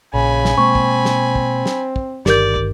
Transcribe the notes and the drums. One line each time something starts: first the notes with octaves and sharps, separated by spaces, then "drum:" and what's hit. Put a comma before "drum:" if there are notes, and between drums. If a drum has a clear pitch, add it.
A#1 A#2 C#3 G#5 B5
drum: snare
B2 G#3 A#3 C4 C#6
drum: kick
drum: snare
drum: kick
drum: snare
drum: kick
G1 D#3 G4 A#4 D5 G6, drum: snare
drum: kick